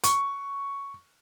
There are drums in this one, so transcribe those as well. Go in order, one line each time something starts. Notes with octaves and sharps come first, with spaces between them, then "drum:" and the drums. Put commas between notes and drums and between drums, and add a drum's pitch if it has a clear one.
C#6, drum: hi-hat